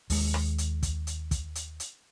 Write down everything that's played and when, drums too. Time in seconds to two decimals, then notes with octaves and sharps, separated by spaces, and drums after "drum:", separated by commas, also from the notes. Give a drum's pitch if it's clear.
0.10 D#2 G#3, drum: open hi-hat
0.34 drum: rim click
0.58 drum: hi-hat
0.83 drum: kick, hi-hat
1.07 drum: hi-hat
1.31 drum: kick, hi-hat
1.55 drum: hi-hat
1.80 drum: hi-hat